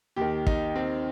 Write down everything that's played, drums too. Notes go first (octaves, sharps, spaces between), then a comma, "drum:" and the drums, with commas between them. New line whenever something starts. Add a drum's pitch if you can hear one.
D#2 D#3 G4
D#4, drum: kick
C4